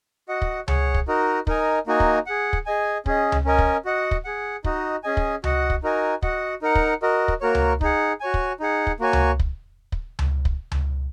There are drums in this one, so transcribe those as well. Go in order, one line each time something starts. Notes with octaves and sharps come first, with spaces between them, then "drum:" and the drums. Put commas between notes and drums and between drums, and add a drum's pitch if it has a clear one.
F#4 D#5 F#5
drum: kick
G#4 C#5 F#5, drum: tom C#2
drum: kick
D#4 F#4 A#4 D#5
D#4 A#4 D#5 G#5, drum: kick
A#3 D#4 F#4 D#5 G#5
drum: kick
G#4 F#5
drum: kick
G#4 D#5 G#5
C#4 G#4 D#5, drum: kick
drum: tom C#2
C#4 A#4 D#5 G#5
drum: kick
F#4 D#5 F#5
drum: kick
G#4 F#5
D#4 F#4 D#5, drum: kick
C#4 G#4 D#5 G#5
drum: kick
F#4 D#5 F#5, drum: tom C#2
drum: kick
D#4 F#4 A#4 D#5 G#5
F#4 D#5 F#5, drum: kick
D#4 A#4 F#5
drum: kick
F#4 A#4 D#5
drum: kick
A#3 F#4 A#4 C#5
drum: tom C#2
D#4 G#4 F#5, drum: kick
F#4 C#5 G#5
drum: kick
D#4 G#4 F#5
drum: kick
A#3 F#4 C#5 G#5
drum: tom C#2
drum: kick
drum: kick
drum: tom C#2
drum: kick
drum: tom C#2